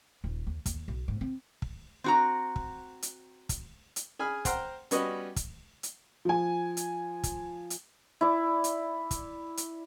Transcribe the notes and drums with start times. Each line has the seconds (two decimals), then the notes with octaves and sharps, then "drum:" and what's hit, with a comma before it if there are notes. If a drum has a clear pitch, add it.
0.24 D#1
0.47 D#2
0.66 D#2, drum: kick, hi-hat
0.88 B1
1.08 G#2
1.21 C4
1.62 drum: kick
2.04 C4 F#4 A#5
2.56 drum: kick
3.02 drum: hi-hat
3.49 drum: kick, hi-hat
3.96 drum: hi-hat
4.19 G#4 G#5 B5 F6
4.45 C5 F#5 G5 A#5 C6 F6, drum: kick, hi-hat
4.91 G3 B3 C#4 F#4 B4 D#5, drum: hi-hat
5.36 drum: kick, hi-hat
5.83 drum: hi-hat
6.25 F3 G#5
6.77 drum: hi-hat
7.23 drum: kick, hi-hat
7.70 drum: hi-hat
8.21 E4 D5
8.64 drum: hi-hat
9.11 drum: kick, hi-hat
9.57 drum: hi-hat